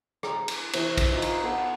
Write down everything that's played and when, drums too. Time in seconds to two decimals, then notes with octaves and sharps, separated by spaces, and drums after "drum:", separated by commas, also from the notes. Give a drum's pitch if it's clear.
0.23 A#5, drum: rim click
0.48 drum: cymbal
0.73 C3 E3 D6, drum: cymbal
0.97 drum: kick A#1, cymbal
1.12 D#4 F4
1.22 drum: cymbal
1.44 B3 A4